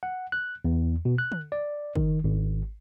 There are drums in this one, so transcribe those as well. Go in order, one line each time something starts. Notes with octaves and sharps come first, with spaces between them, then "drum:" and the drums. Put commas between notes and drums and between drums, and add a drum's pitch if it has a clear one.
F#5
F#6
E2
B2
F#6
drum: tom
D5
D#3, drum: kick
G#1